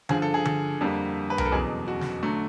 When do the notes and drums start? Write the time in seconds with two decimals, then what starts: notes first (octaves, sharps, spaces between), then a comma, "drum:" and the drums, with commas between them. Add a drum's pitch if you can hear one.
0.09 G2 D3 F3 G#4, drum: tom D3
0.22 A4
0.34 G#4
0.45 A4, drum: tom D3
0.81 F2 D3 G3 A#3
1.30 B4
1.38 A#4, drum: tom C2
1.45 A4
1.52 F#1 E2 B2 F#3 G#4
1.88 F#4
2.01 drum: snare
2.23 D3 F#3 A3